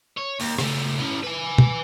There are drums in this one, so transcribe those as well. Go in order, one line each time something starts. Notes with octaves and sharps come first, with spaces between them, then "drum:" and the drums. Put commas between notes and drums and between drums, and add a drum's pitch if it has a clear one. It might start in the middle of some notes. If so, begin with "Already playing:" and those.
C#5
D#2, drum: open hi-hat
C#3 A3, drum: rim click
E3 C#4
B4 G#5
drum: tom